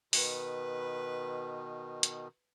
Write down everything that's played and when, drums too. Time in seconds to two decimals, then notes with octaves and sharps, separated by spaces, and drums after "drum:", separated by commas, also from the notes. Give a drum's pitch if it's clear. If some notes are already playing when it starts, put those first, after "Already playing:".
0.13 B2 D#3 B4, drum: open hi-hat
2.03 drum: hi-hat